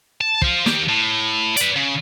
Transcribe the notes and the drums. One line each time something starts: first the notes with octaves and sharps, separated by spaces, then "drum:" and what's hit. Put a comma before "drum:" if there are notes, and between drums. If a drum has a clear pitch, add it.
A5
C5 F5, drum: kick
D#3 G4, drum: snare
A2
B4 D5, drum: hi-hat
C#3